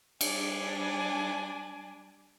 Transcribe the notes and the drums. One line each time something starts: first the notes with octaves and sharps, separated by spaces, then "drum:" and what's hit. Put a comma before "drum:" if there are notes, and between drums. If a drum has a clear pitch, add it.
G3 D4 G#5, drum: cymbal